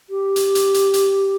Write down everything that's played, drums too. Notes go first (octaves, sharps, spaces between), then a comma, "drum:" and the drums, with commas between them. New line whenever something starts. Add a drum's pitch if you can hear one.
G4
drum: hi-hat
drum: hi-hat
drum: hi-hat
drum: hi-hat